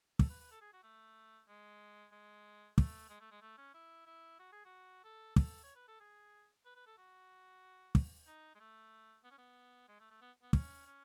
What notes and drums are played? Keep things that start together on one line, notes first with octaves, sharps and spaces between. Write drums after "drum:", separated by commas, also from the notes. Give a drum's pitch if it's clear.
A4, drum: kick
B4
B4
A4
G#4
F#4
A3
G#3
G#3
A3, drum: kick
G#3
A3
G#3
A3
C#4
E4
E4
F#4
G#4
F#4
A4
A4, drum: kick
C#5
B4
A4
G#4
B4
B4
A4
F#4
drum: kick
D#4
G#3
A3
B3
C#4
B3
G#3
A3
A3
B3
B3
C#4, drum: kick
C#4